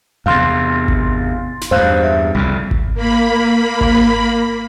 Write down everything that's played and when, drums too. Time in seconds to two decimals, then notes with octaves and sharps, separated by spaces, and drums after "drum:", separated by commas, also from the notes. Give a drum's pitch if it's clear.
0.26 E2 C3 F5 C6 A6
0.88 drum: kick G#1
1.61 drum: snare
1.71 E2 G2 C5 F5 F#6
2.04 E5
2.35 C2 F2 C#3
2.71 drum: kick G#1
2.94 A#3 B5
3.81 drum: kick G#1